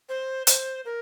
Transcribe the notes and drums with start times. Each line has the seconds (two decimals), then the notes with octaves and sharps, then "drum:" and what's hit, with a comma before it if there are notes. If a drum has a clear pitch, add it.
0.09 C5
0.47 C5, drum: hi-hat
0.85 A#4